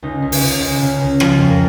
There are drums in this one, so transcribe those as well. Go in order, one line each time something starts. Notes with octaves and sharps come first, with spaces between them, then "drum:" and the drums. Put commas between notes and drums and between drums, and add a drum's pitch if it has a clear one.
C#2 D#4
C#2
drum: open hi-hat
C#2
C#2
C#3
C#2
F3 F4, drum: rim click
F2
A#4